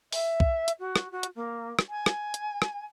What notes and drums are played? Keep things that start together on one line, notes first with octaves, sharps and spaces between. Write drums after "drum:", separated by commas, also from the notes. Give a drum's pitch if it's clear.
E5, drum: open hi-hat
drum: kick
drum: hi-hat
F#4
drum: rim click
F#4
drum: hi-hat
A#3
drum: rim click
G#5
drum: rim click
drum: hi-hat
drum: rim click